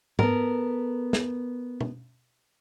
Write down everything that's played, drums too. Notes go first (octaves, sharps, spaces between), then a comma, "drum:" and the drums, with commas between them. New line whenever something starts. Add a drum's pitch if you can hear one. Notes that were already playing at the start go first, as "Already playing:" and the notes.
B3 A4 A#4, drum: tom G#2
drum: snare
drum: tom B2